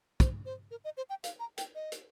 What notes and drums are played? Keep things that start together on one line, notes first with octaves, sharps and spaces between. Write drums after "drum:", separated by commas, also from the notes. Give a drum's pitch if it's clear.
C5, drum: kick, hi-hat
C5
A#4
D#5
C5
G5
F5, drum: hi-hat
A#5
G5, drum: hi-hat
D#5
drum: hi-hat